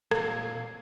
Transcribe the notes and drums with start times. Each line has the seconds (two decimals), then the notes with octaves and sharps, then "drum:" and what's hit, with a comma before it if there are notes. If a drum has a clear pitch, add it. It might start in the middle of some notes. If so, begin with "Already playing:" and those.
0.11 A#2 C4 F5 G#6, drum: rim click